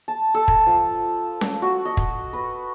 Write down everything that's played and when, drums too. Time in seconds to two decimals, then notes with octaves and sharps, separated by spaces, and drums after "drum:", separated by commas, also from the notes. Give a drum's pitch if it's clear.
0.08 A5
0.34 A4
0.48 drum: kick
0.67 F3
1.41 drum: snare C#4
1.62 F#4
1.85 D#5
1.97 drum: kick
2.33 B4